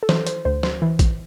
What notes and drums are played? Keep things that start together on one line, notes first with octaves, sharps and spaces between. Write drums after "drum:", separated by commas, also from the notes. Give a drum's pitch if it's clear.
A4
E3 C5, drum: snare
C5, drum: hi-hat
D2 C5
C5, drum: snare
E3
drum: kick, hi-hat